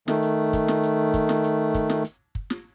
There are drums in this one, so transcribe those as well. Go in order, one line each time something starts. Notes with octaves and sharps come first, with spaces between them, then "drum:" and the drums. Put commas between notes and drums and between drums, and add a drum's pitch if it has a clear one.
D#3 A3, drum: snare
drum: hi-hat
drum: kick, hi-hat
drum: snare
drum: hi-hat
drum: kick, hi-hat
drum: snare
drum: hi-hat
drum: kick, hi-hat
drum: snare
drum: hi-hat
drum: kick
drum: snare